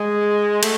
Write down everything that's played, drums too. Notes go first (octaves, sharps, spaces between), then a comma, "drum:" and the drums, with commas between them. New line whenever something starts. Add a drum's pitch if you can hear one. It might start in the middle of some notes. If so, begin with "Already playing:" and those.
Already playing: G#3
A3, drum: cymbal